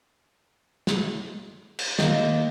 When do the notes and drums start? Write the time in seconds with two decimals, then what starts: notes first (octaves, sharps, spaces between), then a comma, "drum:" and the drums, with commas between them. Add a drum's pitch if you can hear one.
0.87 drum: snare
1.79 drum: cymbal
1.99 D#2 D#5, drum: snare